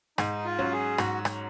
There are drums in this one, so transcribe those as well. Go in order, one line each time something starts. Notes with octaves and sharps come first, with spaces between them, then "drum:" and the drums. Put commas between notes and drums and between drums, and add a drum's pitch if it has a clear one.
G#2 D#4, drum: rim click
F4
F#3 C#4
G#4
G#2 F#4, drum: rim click
drum: rim click